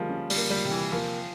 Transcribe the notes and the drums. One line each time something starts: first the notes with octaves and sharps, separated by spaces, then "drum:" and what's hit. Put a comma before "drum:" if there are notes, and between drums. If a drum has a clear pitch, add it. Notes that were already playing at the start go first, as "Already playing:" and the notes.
Already playing: F3 G3 G#3 A#3
C#4
G3, drum: open hi-hat
A#3
G3
C3
E3
F3 A#3